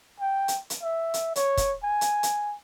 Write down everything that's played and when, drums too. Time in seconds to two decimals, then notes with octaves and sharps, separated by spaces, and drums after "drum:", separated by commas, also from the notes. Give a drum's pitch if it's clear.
0.20 G5
0.48 drum: hi-hat
0.70 drum: hi-hat
0.82 E5
1.14 drum: hi-hat
1.36 C#5, drum: hi-hat
1.57 drum: kick, hi-hat
1.83 G#5
2.01 drum: hi-hat
2.23 drum: hi-hat